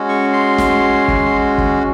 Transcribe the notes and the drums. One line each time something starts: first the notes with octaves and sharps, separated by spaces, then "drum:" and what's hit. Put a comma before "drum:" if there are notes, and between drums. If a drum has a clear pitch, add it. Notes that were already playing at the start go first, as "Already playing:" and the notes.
Already playing: G#3 C#4 F#4
C#6
C6
drum: snare
drum: kick
drum: kick